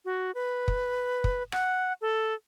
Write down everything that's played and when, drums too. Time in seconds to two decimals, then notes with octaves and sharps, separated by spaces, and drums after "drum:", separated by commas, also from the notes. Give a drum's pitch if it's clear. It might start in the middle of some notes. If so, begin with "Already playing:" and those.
0.05 F#4
0.35 B4
0.68 drum: kick
1.24 drum: kick
1.52 F#5, drum: rim click
2.01 A4